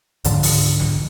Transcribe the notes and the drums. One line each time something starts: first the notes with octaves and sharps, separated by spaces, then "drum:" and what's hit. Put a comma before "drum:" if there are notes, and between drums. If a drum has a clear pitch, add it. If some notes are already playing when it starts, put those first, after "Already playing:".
C#2 G#2 D3 F3, drum: hi-hat
drum: open hi-hat
drum: snare